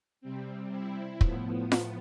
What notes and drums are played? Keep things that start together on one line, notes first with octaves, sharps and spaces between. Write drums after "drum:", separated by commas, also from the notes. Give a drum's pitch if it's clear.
C3 G3 C4
E4
A2 F3 B3, drum: kick
drum: snare F4